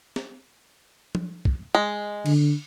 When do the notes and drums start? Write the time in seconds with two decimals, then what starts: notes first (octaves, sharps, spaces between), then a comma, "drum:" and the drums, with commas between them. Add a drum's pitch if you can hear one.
0.16 drum: snare
1.15 drum: tom F3
1.45 drum: kick
1.75 G#3
2.26 D3, drum: cymbal